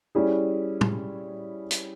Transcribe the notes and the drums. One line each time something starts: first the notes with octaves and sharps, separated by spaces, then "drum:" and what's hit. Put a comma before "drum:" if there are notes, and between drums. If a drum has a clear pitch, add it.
G3 C#4 E4 G#4
drum: tom
drum: hi-hat